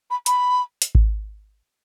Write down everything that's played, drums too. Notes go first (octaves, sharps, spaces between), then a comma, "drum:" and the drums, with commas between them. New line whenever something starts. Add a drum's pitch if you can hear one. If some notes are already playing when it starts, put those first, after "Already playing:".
B5
B5, drum: hi-hat
drum: hi-hat
drum: kick G#1